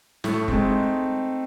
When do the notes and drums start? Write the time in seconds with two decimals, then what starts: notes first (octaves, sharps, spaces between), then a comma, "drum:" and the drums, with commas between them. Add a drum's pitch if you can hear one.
0.24 A2 A3, drum: snare
0.48 C4, drum: kick F1
0.52 G#3 A3
0.66 D#4